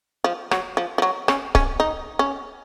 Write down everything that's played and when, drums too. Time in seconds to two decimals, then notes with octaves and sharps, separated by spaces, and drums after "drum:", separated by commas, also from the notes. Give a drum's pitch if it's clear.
0.24 F3
0.51 F#3, drum: rim click
0.77 F3
0.98 F3
1.02 F#3
1.28 C#4, drum: rim click
1.55 C#4, drum: kick C#1
1.80 D#4
2.19 C#4